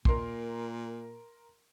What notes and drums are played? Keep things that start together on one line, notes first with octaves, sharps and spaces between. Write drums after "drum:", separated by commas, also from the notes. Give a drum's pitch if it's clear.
A#2 A#4 C6, drum: kick